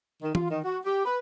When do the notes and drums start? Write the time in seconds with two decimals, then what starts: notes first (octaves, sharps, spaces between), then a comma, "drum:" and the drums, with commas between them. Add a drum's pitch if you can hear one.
0.23 D#3
0.35 F4, drum: tom E3
0.50 D#3
0.64 F#4
0.85 G4
1.05 B4